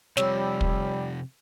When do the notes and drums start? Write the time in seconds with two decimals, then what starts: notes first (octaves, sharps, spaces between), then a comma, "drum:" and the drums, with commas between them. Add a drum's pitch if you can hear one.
0.17 C3 F3 G3 C#5 E6, drum: snare
0.61 drum: kick